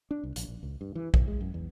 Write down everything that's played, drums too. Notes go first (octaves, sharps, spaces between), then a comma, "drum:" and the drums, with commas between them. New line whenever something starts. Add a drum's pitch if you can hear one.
D4
C2
A#1, drum: hi-hat
A#1
C#2
G2
E3
B1, drum: kick
G#3
F#2
E2